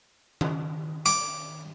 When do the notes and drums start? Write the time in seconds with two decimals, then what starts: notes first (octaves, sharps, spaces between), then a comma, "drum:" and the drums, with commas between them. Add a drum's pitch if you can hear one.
0.41 drum: tom D#3
1.06 D6, drum: hi-hat